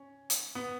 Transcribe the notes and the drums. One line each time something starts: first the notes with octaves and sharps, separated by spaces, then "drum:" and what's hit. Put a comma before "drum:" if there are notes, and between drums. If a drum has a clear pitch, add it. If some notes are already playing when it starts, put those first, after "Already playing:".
Already playing: C#4
drum: hi-hat
B3